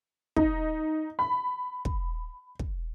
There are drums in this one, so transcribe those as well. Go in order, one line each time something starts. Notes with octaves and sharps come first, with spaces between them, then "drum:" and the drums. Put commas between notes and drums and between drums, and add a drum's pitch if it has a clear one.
D#4, drum: kick
B5
drum: kick
drum: kick